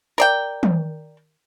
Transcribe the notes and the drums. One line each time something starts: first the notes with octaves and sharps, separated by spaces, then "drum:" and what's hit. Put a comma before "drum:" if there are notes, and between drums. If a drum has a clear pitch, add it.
A#4 D5 G5
drum: tom